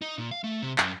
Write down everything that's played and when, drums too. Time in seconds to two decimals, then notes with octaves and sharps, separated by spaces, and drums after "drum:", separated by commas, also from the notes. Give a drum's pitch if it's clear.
0.02 D#4
0.18 A#2
0.31 F5
0.44 A3
0.62 C3
0.78 F#2, drum: clap